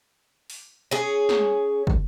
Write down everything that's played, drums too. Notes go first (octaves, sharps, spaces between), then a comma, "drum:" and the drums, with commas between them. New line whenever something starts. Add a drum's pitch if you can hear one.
drum: open hi-hat
C#4 G#4
drum: snare
drum: kick